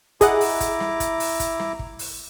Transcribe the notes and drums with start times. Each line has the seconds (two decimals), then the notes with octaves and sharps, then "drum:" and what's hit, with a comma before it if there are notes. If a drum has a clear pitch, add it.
0.21 E4 G#4 D#5 F#5 A#5 D6, drum: kick, hi-hat
0.41 drum: open hi-hat
0.60 drum: kick, hi-hat
0.80 drum: snare
1.00 drum: kick, hi-hat
1.20 drum: open hi-hat
1.40 drum: kick, hi-hat
1.59 drum: snare
1.79 drum: kick
1.99 drum: open hi-hat